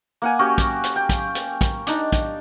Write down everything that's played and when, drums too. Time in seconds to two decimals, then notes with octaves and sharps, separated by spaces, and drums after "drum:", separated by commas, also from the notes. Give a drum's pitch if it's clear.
0.22 A#3 F#5 G#5
0.39 C#4 F#4 G4
0.58 drum: kick, hi-hat
0.84 drum: hi-hat
0.96 G5
1.09 drum: kick, hi-hat
1.35 drum: hi-hat
1.61 drum: kick, hi-hat
1.87 D4 D#4, drum: hi-hat
2.12 drum: kick, hi-hat